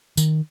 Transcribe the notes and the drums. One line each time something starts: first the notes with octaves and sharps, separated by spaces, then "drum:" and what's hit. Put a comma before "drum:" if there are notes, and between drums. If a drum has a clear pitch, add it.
D#3, drum: tambourine